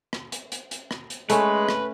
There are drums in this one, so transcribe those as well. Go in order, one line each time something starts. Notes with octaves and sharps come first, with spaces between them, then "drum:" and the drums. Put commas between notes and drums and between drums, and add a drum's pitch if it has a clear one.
drum: rim click
drum: hi-hat
drum: hi-hat
drum: hi-hat
drum: rim click
drum: hi-hat
G#3 A3 C#4 B4, drum: hi-hat
drum: rim click